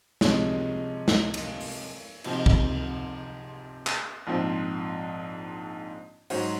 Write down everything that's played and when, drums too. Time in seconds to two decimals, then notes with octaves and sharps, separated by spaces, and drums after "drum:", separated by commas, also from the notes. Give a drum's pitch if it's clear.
0.21 C3 F3 G#3 C#4 G#4, drum: snare
1.08 drum: snare
1.34 drum: cymbal
1.61 drum: open hi-hat
2.24 C3 F3 C4 D#4, drum: cymbal
2.46 drum: kick
3.87 drum: clap
4.27 A#1 G#2 F3 C4
6.30 G#2 F#3 C#4 F#4 C5, drum: open hi-hat